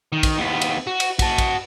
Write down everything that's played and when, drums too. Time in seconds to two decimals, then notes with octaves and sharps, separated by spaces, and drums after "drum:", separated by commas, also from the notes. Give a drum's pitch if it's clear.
0.12 D#3
0.23 drum: kick, cymbal
0.38 D#2 B3
0.62 drum: cymbal
0.87 F#4
1.00 drum: cymbal
1.19 F#4 A5, drum: kick, cymbal
1.38 drum: kick, cymbal